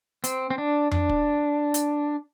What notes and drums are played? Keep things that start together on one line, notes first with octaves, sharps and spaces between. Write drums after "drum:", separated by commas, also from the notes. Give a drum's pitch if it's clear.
C4, drum: hi-hat
C4
D4
D4, drum: tom F2
drum: kick
drum: hi-hat